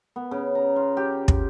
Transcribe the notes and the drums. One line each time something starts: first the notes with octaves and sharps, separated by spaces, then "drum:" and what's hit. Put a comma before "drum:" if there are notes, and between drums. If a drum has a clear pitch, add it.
B3
C#3
A#5
F4
G4
drum: kick